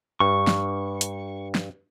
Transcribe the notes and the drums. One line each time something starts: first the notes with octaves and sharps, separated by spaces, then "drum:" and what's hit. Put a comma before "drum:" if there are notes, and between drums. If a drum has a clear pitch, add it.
G2 C#6
drum: snare
drum: hi-hat
drum: snare